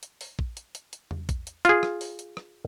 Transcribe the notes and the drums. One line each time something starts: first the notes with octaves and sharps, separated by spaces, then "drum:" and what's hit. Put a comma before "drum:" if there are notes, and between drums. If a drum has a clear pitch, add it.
drum: hi-hat
drum: open hi-hat
drum: kick
drum: hi-hat
drum: hi-hat
drum: hi-hat
drum: tom E2
drum: kick, hi-hat
drum: hi-hat
F4 G#4, drum: hi-hat
drum: rim click
drum: open hi-hat
drum: hi-hat
drum: rim click